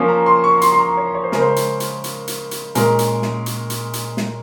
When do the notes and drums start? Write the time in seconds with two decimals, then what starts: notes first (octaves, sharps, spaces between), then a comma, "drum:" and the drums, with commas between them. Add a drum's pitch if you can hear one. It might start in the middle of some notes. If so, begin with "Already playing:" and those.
Already playing: F3 A#3 C#4
0.08 A#5
0.26 C6
0.44 C#6
0.57 A#5
0.62 C6, drum: hi-hat
0.72 C6
0.79 A#5
0.97 C#5
1.15 C#5
1.24 C5
1.32 C#3 G#3 C#4 A#4, drum: snare
1.41 C5
1.56 drum: hi-hat
1.80 drum: hi-hat
2.04 drum: hi-hat
2.27 drum: hi-hat
2.51 drum: hi-hat
2.75 A#2 G#3 C#4 A#4, drum: hi-hat
2.99 drum: hi-hat
3.22 drum: snare
3.46 drum: hi-hat
3.70 drum: hi-hat
3.93 drum: hi-hat
4.17 drum: snare